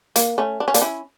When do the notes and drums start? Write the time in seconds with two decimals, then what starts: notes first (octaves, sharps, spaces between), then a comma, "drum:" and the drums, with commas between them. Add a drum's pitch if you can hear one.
0.16 A#3, drum: hi-hat
0.38 A3 C#4
0.60 D4
0.68 C#4
0.74 A#3 D4, drum: hi-hat
0.81 C#4 E4